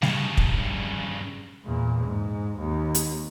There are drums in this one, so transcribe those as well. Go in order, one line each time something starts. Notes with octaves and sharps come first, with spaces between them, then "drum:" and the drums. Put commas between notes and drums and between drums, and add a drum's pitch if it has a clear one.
G2 C#3, drum: snare G3
drum: kick
E2 A#2
G#2
D#2
drum: hi-hat